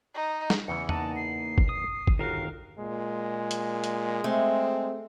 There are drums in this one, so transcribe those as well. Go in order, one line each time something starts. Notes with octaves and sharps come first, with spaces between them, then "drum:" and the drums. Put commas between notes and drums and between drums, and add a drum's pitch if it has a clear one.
D#4
drum: snare
E2 C#3 E3 C#7
A#3 D#4 F#5 A5, drum: tom E2
C7
drum: kick
D#6
drum: kick
G1 D#3 F#4 A#4 F5 C7
A#2 G#3
drum: hi-hat
drum: hi-hat
A3 C4